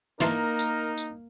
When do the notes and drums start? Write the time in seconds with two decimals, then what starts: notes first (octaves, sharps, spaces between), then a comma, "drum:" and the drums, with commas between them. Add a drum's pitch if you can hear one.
0.21 E3 A#3 D#4 A#4 A5 C6, drum: snare
0.59 drum: tambourine
0.98 drum: tambourine